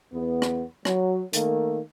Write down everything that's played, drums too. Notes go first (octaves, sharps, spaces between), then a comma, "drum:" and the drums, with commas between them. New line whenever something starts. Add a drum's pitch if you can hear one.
E2 B3
drum: rim click
F#3, drum: rim click
D#3 A3 A#3, drum: hi-hat